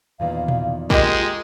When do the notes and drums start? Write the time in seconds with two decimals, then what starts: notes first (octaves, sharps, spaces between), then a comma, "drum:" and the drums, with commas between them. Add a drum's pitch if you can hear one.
0.20 E2 A#2 D#3 F5
0.48 drum: tom A#2
0.90 G#3 A#3 F4 G4 D#5, drum: kick